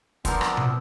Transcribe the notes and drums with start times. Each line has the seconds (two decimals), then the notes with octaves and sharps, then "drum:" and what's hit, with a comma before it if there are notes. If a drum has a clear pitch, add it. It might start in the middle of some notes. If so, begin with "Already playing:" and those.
0.25 F3 B3 C4 D4 A#4, drum: kick, hi-hat
0.41 drum: rim click
0.57 drum: tom B2